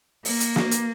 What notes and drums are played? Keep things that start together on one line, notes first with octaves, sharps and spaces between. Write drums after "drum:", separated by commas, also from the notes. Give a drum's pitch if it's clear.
A#3, drum: open hi-hat
drum: hi-hat
drum: snare
drum: hi-hat